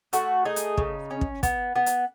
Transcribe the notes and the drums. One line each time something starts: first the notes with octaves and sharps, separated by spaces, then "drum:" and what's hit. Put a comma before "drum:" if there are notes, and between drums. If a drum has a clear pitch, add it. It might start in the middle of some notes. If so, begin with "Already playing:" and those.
A3 F#4, drum: hi-hat
D#4 G#4
drum: hi-hat
C#3, drum: kick
C#4
drum: kick
B3, drum: kick, hi-hat
B3
drum: hi-hat